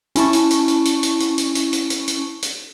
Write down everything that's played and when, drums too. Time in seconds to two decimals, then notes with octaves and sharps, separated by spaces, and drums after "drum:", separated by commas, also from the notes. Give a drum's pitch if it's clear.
0.16 C#4 E4 A5 C#6, drum: hi-hat
0.33 drum: hi-hat
0.50 drum: hi-hat
0.68 drum: hi-hat
0.85 drum: hi-hat
1.03 drum: hi-hat
1.20 drum: hi-hat
1.38 drum: hi-hat
1.55 drum: hi-hat
1.73 drum: hi-hat
1.90 drum: hi-hat
2.08 drum: hi-hat
2.42 drum: hi-hat